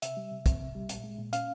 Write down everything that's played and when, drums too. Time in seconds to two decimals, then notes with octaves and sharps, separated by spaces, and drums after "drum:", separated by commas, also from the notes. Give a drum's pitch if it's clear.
0.02 C3 E5, drum: hi-hat
0.17 G3
0.31 C3
0.46 C4, drum: kick, hi-hat
0.61 C3
0.75 G3
0.89 A#2, drum: hi-hat
1.04 G#3
1.18 A#2
1.33 C#4 F5, drum: hi-hat